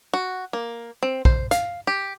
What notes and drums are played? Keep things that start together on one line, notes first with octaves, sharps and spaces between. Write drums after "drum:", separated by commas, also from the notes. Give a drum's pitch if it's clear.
F#4
A#3
C4
C5, drum: kick
F5, drum: hi-hat
G4